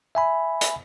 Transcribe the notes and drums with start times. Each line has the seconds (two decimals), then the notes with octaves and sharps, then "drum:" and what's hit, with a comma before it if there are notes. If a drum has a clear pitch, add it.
0.15 E5 G#5 B5
0.61 drum: hi-hat